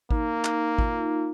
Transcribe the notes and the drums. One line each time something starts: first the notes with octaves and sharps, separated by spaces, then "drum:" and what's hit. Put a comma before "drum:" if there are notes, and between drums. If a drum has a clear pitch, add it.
A#3 D#4, drum: kick G#1
drum: clap
F4, drum: kick G#1
D#4
F4